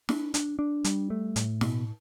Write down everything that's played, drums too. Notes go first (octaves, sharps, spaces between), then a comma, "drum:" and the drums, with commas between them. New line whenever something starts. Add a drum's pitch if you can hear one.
D4, drum: snare
D4, drum: hi-hat
D4
G3, drum: hi-hat
A3
A2, drum: hi-hat
B2, drum: snare